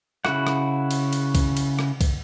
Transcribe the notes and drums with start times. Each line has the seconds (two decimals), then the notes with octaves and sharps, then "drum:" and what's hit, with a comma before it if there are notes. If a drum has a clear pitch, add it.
0.25 C#3 E4 F#4 F#5, drum: rim click
0.47 drum: rim click
0.91 drum: cymbal
1.13 drum: cymbal
1.35 drum: kick B1, cymbal
1.57 drum: cymbal
1.79 drum: rim click
2.01 drum: kick B1, cymbal